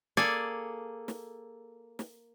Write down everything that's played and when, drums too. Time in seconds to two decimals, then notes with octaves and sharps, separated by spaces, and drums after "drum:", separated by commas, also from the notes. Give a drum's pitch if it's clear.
0.17 A#3 G#4 A4 D5 G#5, drum: snare
1.08 drum: snare
1.99 drum: snare